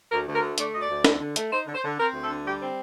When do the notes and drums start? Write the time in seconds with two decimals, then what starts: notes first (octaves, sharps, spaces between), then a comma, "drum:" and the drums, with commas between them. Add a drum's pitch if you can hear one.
0.11 D2 A#4
0.26 D2
0.34 A#4
0.42 D3
0.58 A3 D5, drum: hi-hat
0.73 D2 D#5
0.81 D5
0.89 D2
1.04 D3, drum: snare
1.20 D3
1.36 A3, drum: hi-hat
1.52 D#4 C5
1.67 D3
1.74 C5
1.83 D3
1.98 C4 A#4
2.14 D2
2.21 A4
2.29 D3
2.45 G3 G4
2.61 C4